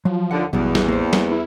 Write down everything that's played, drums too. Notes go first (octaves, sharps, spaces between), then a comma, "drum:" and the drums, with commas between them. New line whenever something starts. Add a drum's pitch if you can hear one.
F3 F#3
D#2 D3 F#5
A1 E2 B2 F#3 G3
drum: snare
A#3 C5
drum: snare
E4